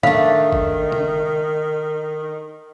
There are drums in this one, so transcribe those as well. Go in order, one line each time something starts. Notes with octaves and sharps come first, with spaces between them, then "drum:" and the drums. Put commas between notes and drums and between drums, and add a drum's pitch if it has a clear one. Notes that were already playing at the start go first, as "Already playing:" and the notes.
D#3 A3 D4 F5, drum: tom A2
drum: kick G#1
drum: tom